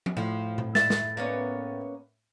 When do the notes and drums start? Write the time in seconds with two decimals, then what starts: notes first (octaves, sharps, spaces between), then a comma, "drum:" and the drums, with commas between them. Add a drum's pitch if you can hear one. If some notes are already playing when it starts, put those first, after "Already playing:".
0.06 drum: tom F3
0.17 A2 F3
0.58 drum: tom A#2
0.75 E5 A6, drum: snare
0.90 drum: snare
1.17 A#3 B3 C#4